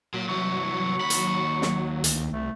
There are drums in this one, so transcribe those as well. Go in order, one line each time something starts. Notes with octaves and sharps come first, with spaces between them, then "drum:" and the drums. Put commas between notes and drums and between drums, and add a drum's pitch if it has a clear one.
A#2 F#3
C2 E3 C#6
D#2 B5
drum: hi-hat
drum: snare
D2, drum: hi-hat
C2 A3